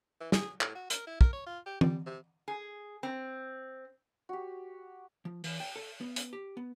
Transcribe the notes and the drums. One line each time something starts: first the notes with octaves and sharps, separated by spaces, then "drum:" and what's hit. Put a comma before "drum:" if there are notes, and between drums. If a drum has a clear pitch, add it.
E3
G#4, drum: snare
A2, drum: clap
F#4
A#4, drum: hi-hat
E4
A#4, drum: kick
C#5
F4
G4
G3, drum: tom E3
C3
G#4
C4
F#4 G4
F3
E3, drum: open hi-hat
G5
A4
B3
drum: hi-hat
G4
B3